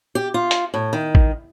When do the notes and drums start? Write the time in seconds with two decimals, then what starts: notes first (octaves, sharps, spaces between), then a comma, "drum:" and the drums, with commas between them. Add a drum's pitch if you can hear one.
0.15 G4
0.34 F4
0.51 drum: hi-hat
0.74 A2
0.93 D#3
1.15 drum: kick A1